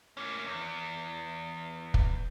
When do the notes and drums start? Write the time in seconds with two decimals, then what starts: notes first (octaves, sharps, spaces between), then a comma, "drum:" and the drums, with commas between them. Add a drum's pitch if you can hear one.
0.17 A#3 C#4
0.47 E2
1.94 drum: kick